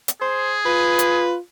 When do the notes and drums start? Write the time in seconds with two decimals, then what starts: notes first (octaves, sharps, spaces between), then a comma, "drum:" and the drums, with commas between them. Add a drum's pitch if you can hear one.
0.08 drum: hi-hat
0.21 G#4 C5
0.66 F4 B4
0.99 drum: hi-hat